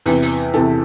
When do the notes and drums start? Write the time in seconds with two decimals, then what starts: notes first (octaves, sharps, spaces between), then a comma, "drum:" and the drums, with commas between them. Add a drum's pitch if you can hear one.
0.06 E2 C3 E3 B4, drum: open hi-hat
0.22 drum: open hi-hat
0.53 E2 C3 E3 A4, drum: hi-hat